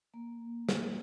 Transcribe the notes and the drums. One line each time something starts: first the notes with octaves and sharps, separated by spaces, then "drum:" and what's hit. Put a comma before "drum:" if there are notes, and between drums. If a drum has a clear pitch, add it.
A#3
drum: snare